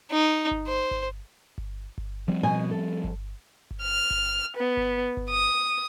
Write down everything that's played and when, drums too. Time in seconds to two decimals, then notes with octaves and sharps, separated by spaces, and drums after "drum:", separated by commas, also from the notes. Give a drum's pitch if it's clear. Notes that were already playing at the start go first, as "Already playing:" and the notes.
0.11 D#4
0.51 drum: kick G1
0.67 C5
0.91 drum: kick G1
1.58 drum: kick G1
1.98 drum: kick G1
2.28 F3 G3 C4
2.43 B2 D#5 G#5
2.71 A4
3.04 drum: kick G1
3.71 drum: kick G1
3.83 F6
4.11 drum: kick G1
4.57 B3
4.77 drum: kick G1
5.17 drum: kick G1
5.30 D#6